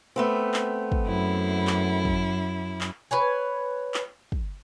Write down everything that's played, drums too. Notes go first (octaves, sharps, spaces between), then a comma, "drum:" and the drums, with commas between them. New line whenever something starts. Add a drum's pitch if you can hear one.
A3 B3 C4
drum: clap
drum: kick
F#2 E4
drum: clap
drum: kick
drum: clap
B4 C#5 G#5
drum: clap
drum: kick